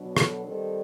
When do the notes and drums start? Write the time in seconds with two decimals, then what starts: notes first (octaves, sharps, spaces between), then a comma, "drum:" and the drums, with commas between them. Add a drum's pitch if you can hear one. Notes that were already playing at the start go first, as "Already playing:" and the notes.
Already playing: B2 F#3 B3 D4
0.17 A4, drum: rim click
0.45 D#3 G3 C4 A4